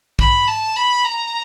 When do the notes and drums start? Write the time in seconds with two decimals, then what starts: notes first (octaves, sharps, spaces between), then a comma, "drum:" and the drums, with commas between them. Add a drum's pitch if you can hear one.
0.19 B5, drum: kick
0.47 A5
0.76 B5
1.05 A#5